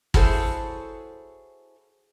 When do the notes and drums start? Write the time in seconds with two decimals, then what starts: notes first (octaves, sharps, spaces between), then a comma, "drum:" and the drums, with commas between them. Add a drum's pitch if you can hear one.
0.14 E4 F#4 G#4 A4 C5 C#5, drum: kick G#1